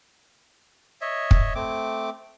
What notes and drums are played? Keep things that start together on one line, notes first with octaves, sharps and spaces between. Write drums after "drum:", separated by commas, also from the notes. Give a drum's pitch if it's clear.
C#5 D#5 E5
drum: kick
A3 C4 D6